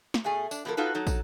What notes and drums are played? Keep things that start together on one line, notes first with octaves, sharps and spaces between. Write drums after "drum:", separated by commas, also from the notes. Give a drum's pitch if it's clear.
drum: snare
B2 A3 G#4 G#5
D4, drum: tambourine
B2 F3 G#3 A4 A#4
D#4 F4 F#4 A4 B4
F#3 D#4 A4
drum: kick, tambourine